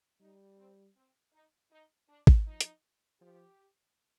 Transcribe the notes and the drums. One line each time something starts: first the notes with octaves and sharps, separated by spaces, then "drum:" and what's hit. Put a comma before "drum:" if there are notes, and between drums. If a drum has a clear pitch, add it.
G3 D#4
C4
C4
D#4
D#4
D4
drum: kick
F3 D#4
drum: hi-hat
F3 G4